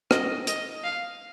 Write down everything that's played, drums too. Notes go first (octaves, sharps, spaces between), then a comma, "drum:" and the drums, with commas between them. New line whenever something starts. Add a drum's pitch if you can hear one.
D#5, drum: rim click
D#5, drum: hi-hat
F5